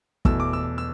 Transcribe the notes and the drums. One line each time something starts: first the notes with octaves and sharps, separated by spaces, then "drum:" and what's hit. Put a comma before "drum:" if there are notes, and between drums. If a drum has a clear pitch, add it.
E2 B2 A3 E6, drum: kick
D6
E6
E6